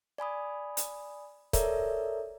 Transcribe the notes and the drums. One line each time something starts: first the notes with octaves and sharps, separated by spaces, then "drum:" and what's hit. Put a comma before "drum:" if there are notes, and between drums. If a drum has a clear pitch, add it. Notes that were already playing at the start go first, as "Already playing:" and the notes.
D5 G#5 B5 D#6
drum: hi-hat
A4 A#4 C#5 D5 E5 A#5, drum: kick C#1, hi-hat